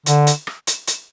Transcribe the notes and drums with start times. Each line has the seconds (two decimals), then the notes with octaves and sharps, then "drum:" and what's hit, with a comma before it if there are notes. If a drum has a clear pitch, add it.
0.06 D3, drum: hi-hat
0.27 drum: hi-hat
0.47 drum: rim click
0.67 drum: hi-hat
0.87 drum: hi-hat